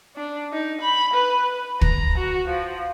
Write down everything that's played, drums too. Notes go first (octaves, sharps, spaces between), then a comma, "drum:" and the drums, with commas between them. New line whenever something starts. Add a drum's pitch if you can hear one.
D4
D#4
B5
B4
A#5, drum: kick
F#4
F3